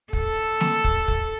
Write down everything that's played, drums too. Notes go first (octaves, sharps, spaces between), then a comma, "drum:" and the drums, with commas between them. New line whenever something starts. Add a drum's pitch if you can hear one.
A4, drum: kick
drum: snare
drum: kick
drum: kick